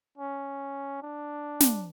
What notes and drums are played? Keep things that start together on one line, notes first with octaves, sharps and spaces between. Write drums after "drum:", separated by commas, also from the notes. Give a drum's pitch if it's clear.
C#4
D4
drum: snare